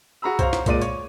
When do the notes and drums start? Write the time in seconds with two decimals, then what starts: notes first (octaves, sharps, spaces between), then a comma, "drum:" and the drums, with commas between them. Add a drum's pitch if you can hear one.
0.22 F#4 G#4 A#5 B5 E6
0.39 C5 C#5 F5 A#5, drum: kick, hi-hat
0.53 drum: snare
0.66 A#2 G#3 D5 D#7, drum: kick, hi-hat
0.82 C#5, drum: hi-hat